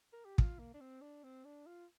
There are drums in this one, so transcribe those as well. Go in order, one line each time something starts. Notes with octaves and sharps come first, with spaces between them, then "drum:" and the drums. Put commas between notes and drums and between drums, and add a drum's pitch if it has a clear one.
A#4
G4
F4, drum: kick
A#3
D4
C4
D4
C4
D4
F4